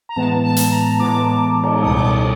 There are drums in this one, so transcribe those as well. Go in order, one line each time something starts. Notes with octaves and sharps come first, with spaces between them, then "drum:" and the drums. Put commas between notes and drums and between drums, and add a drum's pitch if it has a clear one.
A#5
A2 E3 G#3 B3 A5
A5
drum: hi-hat
A#5
A2 E3 G#3 B3 D6
drum: cymbal
C#2 B2 G3 D#6
D6
D#6